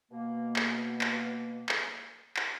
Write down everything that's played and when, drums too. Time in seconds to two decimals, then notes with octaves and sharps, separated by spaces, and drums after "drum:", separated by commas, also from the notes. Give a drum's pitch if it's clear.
0.11 B2 A#3
0.56 drum: clap
1.01 drum: clap
1.69 drum: clap
2.37 drum: clap